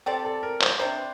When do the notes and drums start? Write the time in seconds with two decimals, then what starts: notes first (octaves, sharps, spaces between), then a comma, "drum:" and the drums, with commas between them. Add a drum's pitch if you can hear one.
0.06 C4 G4 A4 D5
0.25 A4
0.43 A#4
0.62 C5, drum: clap
0.80 C3 G3 D4 C5